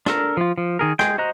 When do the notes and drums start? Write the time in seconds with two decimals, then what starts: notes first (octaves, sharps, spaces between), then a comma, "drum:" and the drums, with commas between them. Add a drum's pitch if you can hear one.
0.06 D4 A4 A#4, drum: rim click
0.37 F3 F4
0.58 F3
0.79 D#3 G#4 A#4
0.99 G#3 G#4 G5, drum: rim click
1.18 F#4 C5 D#5 A#5 F#6